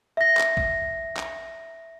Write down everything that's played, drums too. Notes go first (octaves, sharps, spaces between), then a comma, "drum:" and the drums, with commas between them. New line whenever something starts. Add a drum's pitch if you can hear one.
E5 A#6
drum: clap
drum: kick
drum: clap